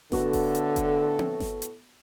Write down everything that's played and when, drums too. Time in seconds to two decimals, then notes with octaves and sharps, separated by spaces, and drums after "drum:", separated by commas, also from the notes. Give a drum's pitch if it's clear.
0.12 A2 D3 B3 F#4 A4, drum: snare G1
0.33 drum: kick F1, open hi-hat
0.55 drum: hi-hat
0.76 drum: kick F1, hi-hat
1.19 drum: tom C4
1.40 drum: snare G1
1.62 drum: hi-hat